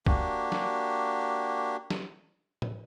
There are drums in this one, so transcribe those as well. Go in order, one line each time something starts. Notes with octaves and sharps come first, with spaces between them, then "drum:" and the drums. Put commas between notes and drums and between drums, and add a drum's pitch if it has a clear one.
A#3 D4 F#4 G4, drum: kick
drum: snare
drum: snare
drum: tom A2